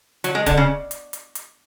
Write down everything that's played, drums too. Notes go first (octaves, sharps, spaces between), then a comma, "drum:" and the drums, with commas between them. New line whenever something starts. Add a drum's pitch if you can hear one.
F#3, drum: hi-hat
G#3
D3, drum: kick D1, hi-hat
C#3
drum: hi-hat
drum: hi-hat
drum: hi-hat